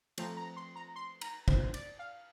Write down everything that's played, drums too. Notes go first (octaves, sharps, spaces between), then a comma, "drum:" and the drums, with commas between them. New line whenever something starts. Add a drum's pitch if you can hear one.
F3 A3 C4 A#5, drum: cymbal
A#5
C6
A#5
C6
A#5, drum: cymbal
C5, drum: kick
D5, drum: cymbal
F5